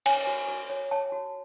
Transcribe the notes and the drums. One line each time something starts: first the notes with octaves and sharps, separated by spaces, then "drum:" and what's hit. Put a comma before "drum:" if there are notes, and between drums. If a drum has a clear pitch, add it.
C#5 G#5, drum: cymbal
F#4
F#4
C#5
C#5 A5
F#4